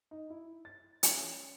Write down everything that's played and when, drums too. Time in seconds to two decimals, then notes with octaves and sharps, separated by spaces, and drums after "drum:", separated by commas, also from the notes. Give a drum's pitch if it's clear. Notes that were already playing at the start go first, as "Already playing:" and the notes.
0.11 D#4
0.30 E4
0.65 A6
1.03 C#4, drum: hi-hat